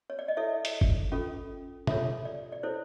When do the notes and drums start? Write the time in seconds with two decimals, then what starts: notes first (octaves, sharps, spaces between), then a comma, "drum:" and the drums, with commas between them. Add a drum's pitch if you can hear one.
0.10 C#5
0.19 D5
0.28 D#5
0.37 E4 A4 C#5 E5
0.65 drum: hi-hat
0.81 drum: kick F#1
1.12 C#4 F4 A4
1.87 F4 A4 C#5 E5, drum: tom B2
2.25 D5
2.52 D5
2.63 E4 A4 C5 C#5